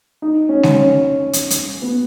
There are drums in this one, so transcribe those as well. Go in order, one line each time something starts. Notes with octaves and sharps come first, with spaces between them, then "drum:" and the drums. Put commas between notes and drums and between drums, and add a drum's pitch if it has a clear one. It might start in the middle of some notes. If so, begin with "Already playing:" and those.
D#4
C#4
drum: snare G#3
C#4
drum: hi-hat
drum: hi-hat
B3